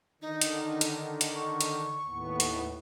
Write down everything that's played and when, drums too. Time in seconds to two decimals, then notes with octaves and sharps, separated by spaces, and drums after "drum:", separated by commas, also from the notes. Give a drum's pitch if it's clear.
0.22 D3 D#3 D#4
0.41 drum: hi-hat
0.81 drum: hi-hat
1.21 drum: hi-hat
1.35 C#6
1.61 drum: hi-hat
2.06 D#2 A2 B3
2.40 drum: hi-hat